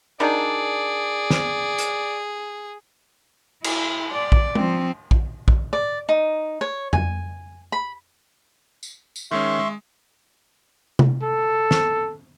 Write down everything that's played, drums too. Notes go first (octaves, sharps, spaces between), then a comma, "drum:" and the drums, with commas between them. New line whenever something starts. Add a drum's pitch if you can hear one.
D#3 F#3 D4 G#4 D5
drum: snare
drum: hi-hat
E4, drum: cymbal
D5
drum: kick A#1
F3 C4, drum: tom
drum: kick A#1
drum: kick A#1
D5
D#4
C#5
G#5, drum: tom F2
B5
drum: tambourine
drum: tambourine
D#3 G#3 C#4 E5 C6 C#6
G#3
drum: tom C3
A4
drum: snare